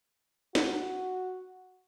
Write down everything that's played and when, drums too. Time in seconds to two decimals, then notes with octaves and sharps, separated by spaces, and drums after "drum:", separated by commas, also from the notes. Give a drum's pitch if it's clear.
0.55 F#4, drum: snare